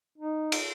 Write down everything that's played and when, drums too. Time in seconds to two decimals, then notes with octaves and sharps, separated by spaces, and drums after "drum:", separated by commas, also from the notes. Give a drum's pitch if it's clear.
0.18 D#4
0.52 drum: cymbal